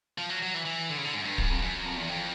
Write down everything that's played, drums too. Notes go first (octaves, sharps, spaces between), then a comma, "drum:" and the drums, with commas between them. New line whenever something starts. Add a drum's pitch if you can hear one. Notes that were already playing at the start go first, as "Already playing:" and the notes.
F3
F#3
F#3
E3
E3
D3
C#3
D3
G#2
F#2
G2
F#2, drum: kick D1
F2
F#2
F2
E2
F2